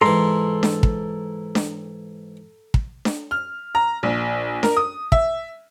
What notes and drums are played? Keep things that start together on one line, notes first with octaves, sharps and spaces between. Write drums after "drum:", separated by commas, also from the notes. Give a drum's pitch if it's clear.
G#2 E3 A4 A#5 C6
drum: snare D4
drum: kick
drum: snare D4
drum: kick
drum: snare D4
F6
A#5
A#1
A#4, drum: snare D4
D#6
E5, drum: kick